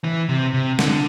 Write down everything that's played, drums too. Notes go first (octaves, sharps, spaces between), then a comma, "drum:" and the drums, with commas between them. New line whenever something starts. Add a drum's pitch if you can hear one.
E3
C3
C3
D3, drum: snare